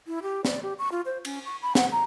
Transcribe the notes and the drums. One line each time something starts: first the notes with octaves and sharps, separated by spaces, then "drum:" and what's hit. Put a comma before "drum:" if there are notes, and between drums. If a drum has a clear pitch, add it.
E4
G4
D5, drum: snare
G4
C#6
F4
C5
C#4, drum: cymbal
C#6
B5
F#5, drum: snare
A#5